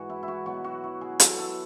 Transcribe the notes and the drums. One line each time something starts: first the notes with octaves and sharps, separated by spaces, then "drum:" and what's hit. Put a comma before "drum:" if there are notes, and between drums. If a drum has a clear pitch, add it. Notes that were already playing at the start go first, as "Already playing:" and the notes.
Already playing: G#2 E3 F#4 G#4
E4
E4
F#4
B2 F#3 F#4
F#4
E4
G#4
B2 F#3 A4, drum: hi-hat
A4